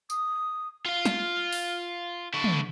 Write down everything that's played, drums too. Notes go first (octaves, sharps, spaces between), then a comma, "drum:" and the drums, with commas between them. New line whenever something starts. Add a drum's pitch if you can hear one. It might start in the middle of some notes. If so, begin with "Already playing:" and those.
D#6, drum: tambourine
F4 F5 F6
drum: snare
drum: open hi-hat
D3 E4 C#6
drum: tom